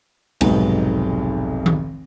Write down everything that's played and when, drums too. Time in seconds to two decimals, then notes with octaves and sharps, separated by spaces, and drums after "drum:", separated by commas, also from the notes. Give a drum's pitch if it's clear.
0.41 F1 B1 G#2 G#3 B3 F#4, drum: cymbal
1.66 drum: tom D#3